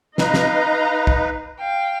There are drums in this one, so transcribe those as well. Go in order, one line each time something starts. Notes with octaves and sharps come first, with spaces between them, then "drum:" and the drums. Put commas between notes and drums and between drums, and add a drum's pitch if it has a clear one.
D#4 B4 D#5 F5 A#5, drum: snare
drum: snare
drum: kick
F5 G5